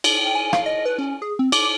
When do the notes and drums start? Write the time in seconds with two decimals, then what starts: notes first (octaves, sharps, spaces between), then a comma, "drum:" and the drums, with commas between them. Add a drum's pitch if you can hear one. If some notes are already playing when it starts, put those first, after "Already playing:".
0.04 drum: cymbal
0.16 G5
0.35 G#5
0.53 F5, drum: rim click
0.66 D#5
0.85 B4
0.99 C#4
1.22 G#4
1.39 C4
1.52 D6, drum: cymbal